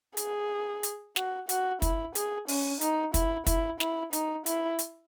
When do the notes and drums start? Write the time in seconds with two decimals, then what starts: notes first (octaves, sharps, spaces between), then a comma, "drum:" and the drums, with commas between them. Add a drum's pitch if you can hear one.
0.17 G#4, drum: hi-hat
0.83 drum: hi-hat
1.16 F#4, drum: snare
1.49 F#4, drum: hi-hat
1.82 E4, drum: kick, hi-hat
2.15 G#4, drum: hi-hat
2.48 C#4, drum: open hi-hat
2.81 D#4, drum: hi-hat
3.14 E4, drum: kick, hi-hat
3.46 E4, drum: kick, hi-hat
3.80 E4, drum: snare
4.13 D#4, drum: hi-hat
4.46 E4, drum: hi-hat
4.79 drum: hi-hat